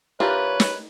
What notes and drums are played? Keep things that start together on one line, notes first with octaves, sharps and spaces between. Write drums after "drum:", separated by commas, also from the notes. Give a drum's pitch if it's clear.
E3 D4 F4 G4 A#4 B4 C#5 A#5
drum: snare